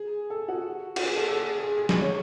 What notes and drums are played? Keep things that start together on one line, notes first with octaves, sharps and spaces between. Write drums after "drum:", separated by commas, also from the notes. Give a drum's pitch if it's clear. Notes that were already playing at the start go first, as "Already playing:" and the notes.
Already playing: G#4
A4
F#4
F#4, drum: cymbal
G#4
A4
A4
G#4
G#4
G#4
drum: snare
C#5